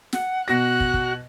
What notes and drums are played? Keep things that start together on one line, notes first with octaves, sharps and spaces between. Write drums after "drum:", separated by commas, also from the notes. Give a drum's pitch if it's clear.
F#5, drum: snare
B2 F#4 F#6 A#6
drum: kick
drum: kick